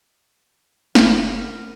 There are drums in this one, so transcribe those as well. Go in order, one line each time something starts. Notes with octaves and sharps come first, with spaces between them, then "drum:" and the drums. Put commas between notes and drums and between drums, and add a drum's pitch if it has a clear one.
F#1 F3 G#4 F5, drum: snare
B3 A#4